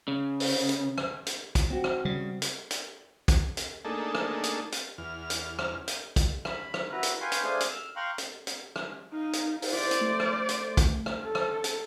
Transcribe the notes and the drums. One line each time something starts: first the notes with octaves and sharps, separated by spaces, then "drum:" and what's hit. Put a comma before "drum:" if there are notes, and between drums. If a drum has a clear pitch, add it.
C#3
drum: open hi-hat
drum: hi-hat
drum: rim click
drum: hi-hat
drum: kick, hi-hat
C4 F#4
drum: rim click
C#3 G3
drum: hi-hat
drum: hi-hat
drum: kick, hi-hat
drum: hi-hat
A3 A#3 D4 D#4 G#4 A4
drum: rim click
drum: hi-hat
drum: hi-hat
E2 F6
drum: hi-hat
drum: rim click
drum: hi-hat
drum: kick, hi-hat
B5, drum: rim click
drum: rim click
E4 F#4 B4 A#5
drum: hi-hat
B4 F5 G5 G#5 C6 C#6
drum: hi-hat
A3 D4 G#4 C5 F5 G#5
drum: hi-hat
E6 F6
F5 G5 A#5 C6 C#6 F#6
drum: hi-hat
drum: hi-hat
drum: rim click
D#4 F5
drum: hi-hat
drum: open hi-hat
E4 C5 D5
drum: hi-hat
A3
drum: rim click
drum: hi-hat
drum: kick, hi-hat
drum: rim click
A4
drum: rim click
drum: hi-hat